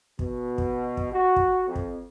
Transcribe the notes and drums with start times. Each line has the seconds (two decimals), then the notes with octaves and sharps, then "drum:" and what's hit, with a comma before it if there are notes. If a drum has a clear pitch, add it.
0.19 B2, drum: kick
0.58 drum: kick
0.97 drum: kick
1.11 F#4
1.36 drum: kick
1.66 F2
1.75 drum: kick